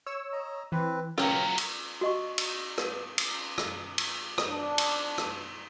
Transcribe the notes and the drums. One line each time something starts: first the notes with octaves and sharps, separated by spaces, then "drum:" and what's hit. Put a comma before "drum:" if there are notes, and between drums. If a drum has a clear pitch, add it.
C#5 E6
D#5 A#5
E3 C4 B4
F#3 C#4 F4 A#4 G5, drum: rim click
drum: cymbal
F#4 D#5 C#6
drum: cymbal
drum: rim click
drum: cymbal
drum: rim click
drum: cymbal
drum: rim click
D4
drum: cymbal
drum: rim click